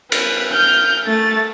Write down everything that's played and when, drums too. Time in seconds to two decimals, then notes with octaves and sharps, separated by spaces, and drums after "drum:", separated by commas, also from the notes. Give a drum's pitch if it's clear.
0.12 B4, drum: cymbal
0.53 F6 G6
1.07 A3 A6